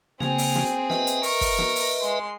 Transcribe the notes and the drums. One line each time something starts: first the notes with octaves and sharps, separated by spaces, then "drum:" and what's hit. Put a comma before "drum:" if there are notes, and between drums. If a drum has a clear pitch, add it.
C#3 A#3 C4 G#4, drum: snare
drum: open hi-hat
drum: snare
B4 D#5 E5, drum: snare
drum: hi-hat
A#4 C#6, drum: open hi-hat
drum: kick, open hi-hat
drum: snare
drum: open hi-hat
G#3 C6